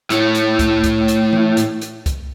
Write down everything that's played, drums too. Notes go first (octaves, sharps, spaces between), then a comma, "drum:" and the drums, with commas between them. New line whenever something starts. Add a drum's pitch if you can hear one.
A2 A3, drum: hi-hat
drum: hi-hat
drum: kick, hi-hat
drum: kick, hi-hat
drum: hi-hat
drum: tom E3
drum: hi-hat
drum: hi-hat
drum: kick, hi-hat